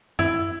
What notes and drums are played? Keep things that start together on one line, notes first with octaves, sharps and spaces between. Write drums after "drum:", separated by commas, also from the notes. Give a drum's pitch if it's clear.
E4, drum: tom F#2